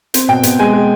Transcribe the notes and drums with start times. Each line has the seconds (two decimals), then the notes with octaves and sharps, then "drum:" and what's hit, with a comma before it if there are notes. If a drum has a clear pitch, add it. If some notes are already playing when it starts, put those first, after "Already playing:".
0.14 C4, drum: hi-hat
0.28 B2 G5
0.43 B2, drum: hi-hat
0.59 G#3 G#5
0.74 G#3